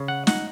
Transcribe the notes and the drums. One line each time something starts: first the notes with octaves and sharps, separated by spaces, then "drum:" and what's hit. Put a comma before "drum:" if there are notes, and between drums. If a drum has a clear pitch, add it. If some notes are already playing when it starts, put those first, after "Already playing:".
Already playing: C#3
F#5
D#4 F#5, drum: snare